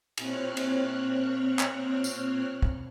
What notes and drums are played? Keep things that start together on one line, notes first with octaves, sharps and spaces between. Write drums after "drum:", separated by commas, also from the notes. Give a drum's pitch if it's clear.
A#2 C4 C#5 F6 F#6, drum: cymbal
drum: cymbal
drum: clap
drum: tambourine
drum: kick